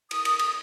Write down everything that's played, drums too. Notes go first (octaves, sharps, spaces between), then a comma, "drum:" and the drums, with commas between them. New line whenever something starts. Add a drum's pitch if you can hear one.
D#6, drum: cymbal
drum: cymbal
drum: cymbal